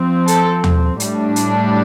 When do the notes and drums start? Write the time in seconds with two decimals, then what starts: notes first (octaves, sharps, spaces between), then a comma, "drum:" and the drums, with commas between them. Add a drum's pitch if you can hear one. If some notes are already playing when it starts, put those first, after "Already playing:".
Already playing: F3 C4
0.28 A4, drum: hi-hat
0.64 drum: tom
1.00 A2 G3 D4, drum: hi-hat
1.36 drum: hi-hat